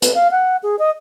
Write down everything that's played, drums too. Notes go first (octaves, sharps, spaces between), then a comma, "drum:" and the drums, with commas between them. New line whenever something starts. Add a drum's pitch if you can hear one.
B4, drum: hi-hat
F5
F#5
G#4
D#5